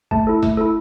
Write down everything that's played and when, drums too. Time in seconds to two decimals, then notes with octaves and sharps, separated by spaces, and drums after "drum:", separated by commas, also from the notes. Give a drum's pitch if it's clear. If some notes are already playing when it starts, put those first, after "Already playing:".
0.11 A3 A5, drum: kick F#1
0.27 E4 A4
0.43 A3, drum: kick F#1, hi-hat
0.57 E4 A4